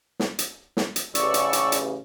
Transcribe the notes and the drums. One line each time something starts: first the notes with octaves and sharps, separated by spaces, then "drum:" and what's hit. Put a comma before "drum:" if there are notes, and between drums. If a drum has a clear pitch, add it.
drum: snare
drum: hi-hat
drum: snare
drum: hi-hat
A1 C#3 D5 C#6 E6, drum: hi-hat
drum: hi-hat
drum: hi-hat
drum: hi-hat